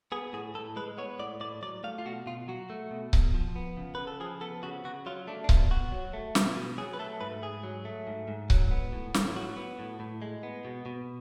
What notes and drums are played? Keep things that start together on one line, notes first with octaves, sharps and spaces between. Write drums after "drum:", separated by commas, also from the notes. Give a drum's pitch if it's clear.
B3 G#4
A2 G#4
A2 A4
G#3 B4
B3 C#5
A2 D5
A2 D5
F#3 D5
A3 F5
F4
B2 F#4
B2 F4
F#3 F#4
A3
B2
B2, drum: kick C#1
F3
B3
C#3
C#3 B4
A4
F3 G#4
B3 A4
C#3 F#4
C#3 F#4
F#3 F4
A3 D4
D4
B2 F4, drum: kick C#1
B2 F#4
F#3
A3
B2, drum: snare
B2
F#3 G#4
B4
A3 A4
G#2 B4
G#2 G#4
F#3
A3
G#2
G#2
F#3, drum: kick C#1
B3
A2
A2, drum: snare
F#3 F#4
B3
A2
A2
G#3
B3
B2
B2